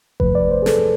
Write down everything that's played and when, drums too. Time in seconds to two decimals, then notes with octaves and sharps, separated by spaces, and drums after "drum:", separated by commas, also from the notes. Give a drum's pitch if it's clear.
0.20 E2 C3 F3 A3 B4, drum: kick G1
0.35 D5
0.51 C5
0.62 G#4
0.66 A4, drum: snare